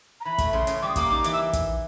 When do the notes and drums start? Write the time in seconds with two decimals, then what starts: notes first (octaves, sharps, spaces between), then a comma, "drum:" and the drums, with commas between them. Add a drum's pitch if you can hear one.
0.21 A#5
0.25 E3 B5
0.38 A3, drum: kick, hi-hat
0.53 C#3 C6
0.67 C#3, drum: hi-hat
0.82 G3 D6
0.89 D#6
0.96 A#3 D6, drum: kick, hi-hat
1.10 D#4
1.24 E3, drum: hi-hat
1.33 E6
1.53 drum: kick, hi-hat